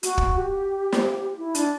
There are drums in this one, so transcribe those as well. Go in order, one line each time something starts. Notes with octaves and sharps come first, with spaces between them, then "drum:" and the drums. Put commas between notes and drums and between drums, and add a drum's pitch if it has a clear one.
F#4, drum: hi-hat
drum: kick
G4
drum: snare
E4
D4, drum: hi-hat